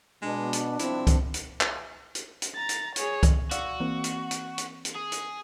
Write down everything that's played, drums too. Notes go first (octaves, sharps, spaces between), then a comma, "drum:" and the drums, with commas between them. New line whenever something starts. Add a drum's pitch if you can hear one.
B2 G#3 D4
drum: hi-hat
C2 F3 C4 E4, drum: hi-hat
drum: kick C2, hi-hat
drum: hi-hat
drum: clap
drum: hi-hat
drum: hi-hat
A#5 A6
drum: hi-hat
G#4 C#5, drum: hi-hat
drum: kick C2, hi-hat
F#4 D5 F5 E6, drum: hi-hat
E3 A#3 C4
drum: hi-hat
drum: hi-hat
drum: hi-hat
drum: hi-hat
G#4
drum: hi-hat